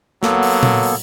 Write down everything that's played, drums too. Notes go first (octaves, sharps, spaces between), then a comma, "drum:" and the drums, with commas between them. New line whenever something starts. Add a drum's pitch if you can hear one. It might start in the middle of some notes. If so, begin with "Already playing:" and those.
F#3 A#3 B3 A4, drum: snare
drum: open hi-hat
drum: tom A#2
drum: open hi-hat